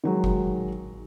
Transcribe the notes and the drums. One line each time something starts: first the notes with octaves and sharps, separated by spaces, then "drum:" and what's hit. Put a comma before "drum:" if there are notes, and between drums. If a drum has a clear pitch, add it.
D#3 F#3 G#3
drum: kick F#1